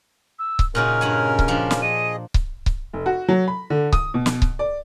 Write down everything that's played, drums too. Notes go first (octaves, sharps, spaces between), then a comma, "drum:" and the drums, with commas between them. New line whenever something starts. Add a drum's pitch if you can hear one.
E6
drum: kick C#1
A#2 C#3 C#4 D#4 F#4 A#4 F6
G2 F#5 G#5
drum: kick C#1
F3 D4 F5
drum: snare
G#4 D#5 D#7
drum: kick C#1
drum: kick C#1
F1
F#4
F#3
B5
D3
D#6, drum: kick C#1
B2
drum: snare
drum: kick C#1
D5